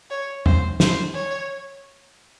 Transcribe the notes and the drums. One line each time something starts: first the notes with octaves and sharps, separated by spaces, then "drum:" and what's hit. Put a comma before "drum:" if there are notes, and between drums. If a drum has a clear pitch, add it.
C#5
C5, drum: tom E2
C5, drum: snare
C#5